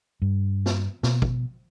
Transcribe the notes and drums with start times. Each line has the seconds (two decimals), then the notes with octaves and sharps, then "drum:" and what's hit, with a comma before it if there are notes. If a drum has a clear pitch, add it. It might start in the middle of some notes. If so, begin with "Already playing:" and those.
0.22 G2
0.66 drum: snare
1.03 B2, drum: snare
1.22 drum: kick